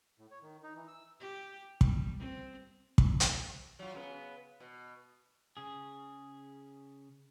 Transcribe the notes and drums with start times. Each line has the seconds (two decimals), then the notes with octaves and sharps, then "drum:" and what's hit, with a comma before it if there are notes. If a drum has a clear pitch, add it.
0.19 A2
0.31 C#5
0.42 D#3
0.63 D#4
0.76 E3
0.88 E6
1.20 G4
1.81 G3, drum: kick
2.19 C4
2.98 drum: kick
3.20 drum: hi-hat
3.79 F#3 F4
3.95 C#3 B3
4.60 B2
5.57 C#3 G#4